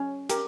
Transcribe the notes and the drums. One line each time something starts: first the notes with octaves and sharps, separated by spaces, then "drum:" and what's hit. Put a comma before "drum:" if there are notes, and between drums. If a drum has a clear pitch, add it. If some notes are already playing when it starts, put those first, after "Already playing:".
Already playing: C#4
G4 A#4, drum: hi-hat